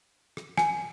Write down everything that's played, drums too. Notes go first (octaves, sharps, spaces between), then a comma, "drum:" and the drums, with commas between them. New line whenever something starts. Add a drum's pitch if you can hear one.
drum: rim click
G#5, drum: snare